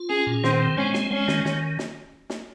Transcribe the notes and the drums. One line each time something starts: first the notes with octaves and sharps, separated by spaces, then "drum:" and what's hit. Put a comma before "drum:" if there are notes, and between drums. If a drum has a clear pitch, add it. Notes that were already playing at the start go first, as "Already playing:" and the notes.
Already playing: F4
C#4 G#4
A#2
D#3 C4, drum: snare
C4
G#3 C#4
C4, drum: snare
G#3 C#4
D#3, drum: snare
D#3, drum: snare
drum: snare
drum: snare